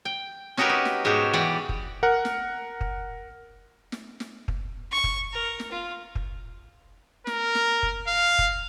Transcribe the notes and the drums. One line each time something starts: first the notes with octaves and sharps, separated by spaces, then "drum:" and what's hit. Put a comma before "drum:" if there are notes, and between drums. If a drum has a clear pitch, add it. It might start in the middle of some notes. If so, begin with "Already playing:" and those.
G5
C#4 D#4 F#4 G4 A#4 B4, drum: snare
D#4
drum: snare
G#2 B2 F#4 G4
E3 G4 D5 F#5
drum: kick
A#4 F#5
drum: snare
drum: kick
drum: snare
drum: snare
drum: kick
C#6
drum: kick
A#4
drum: snare
F4
drum: kick
A#4, drum: snare
drum: snare
drum: kick
F5
drum: kick